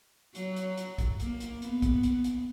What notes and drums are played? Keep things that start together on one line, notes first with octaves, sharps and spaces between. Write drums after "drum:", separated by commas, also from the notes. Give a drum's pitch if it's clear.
F#3, drum: hi-hat
drum: hi-hat
drum: hi-hat
drum: kick A#1, hi-hat
A#3, drum: hi-hat
drum: hi-hat
B3, drum: hi-hat
drum: kick A#1, hi-hat
drum: hi-hat
drum: hi-hat